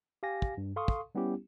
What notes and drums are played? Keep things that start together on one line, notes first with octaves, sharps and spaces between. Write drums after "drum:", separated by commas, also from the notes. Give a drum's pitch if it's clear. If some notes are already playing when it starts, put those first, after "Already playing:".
G4 F5 G#5 A#6
drum: kick
G2
A4 F5 C6 C#6 D#6
drum: kick
G3 B3 C#4 E4 G4